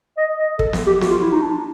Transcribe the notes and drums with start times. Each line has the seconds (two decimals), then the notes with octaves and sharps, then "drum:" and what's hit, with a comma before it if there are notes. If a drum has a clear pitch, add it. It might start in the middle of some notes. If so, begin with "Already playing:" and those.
0.17 D#5
0.39 D#5
0.59 A4, drum: kick
0.73 drum: snare
0.87 G4
1.01 F#4, drum: snare
1.10 F4
1.22 E4
1.31 D#4
1.41 D4